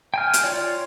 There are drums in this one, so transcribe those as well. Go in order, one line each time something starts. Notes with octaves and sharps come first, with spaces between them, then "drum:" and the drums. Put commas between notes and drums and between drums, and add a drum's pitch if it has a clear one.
G5 G#5 F6
drum: hi-hat
F4 C#5 D5